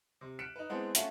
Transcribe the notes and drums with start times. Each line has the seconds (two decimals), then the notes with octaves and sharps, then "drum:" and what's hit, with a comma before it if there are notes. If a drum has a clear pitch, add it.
0.21 C3
0.39 F6 F#6 B6 C#7 D7 E7
0.56 D#4 B4
0.69 E3 G#3 B3 C4 D4
0.95 A3 C#4 F4 F#4 E5, drum: hi-hat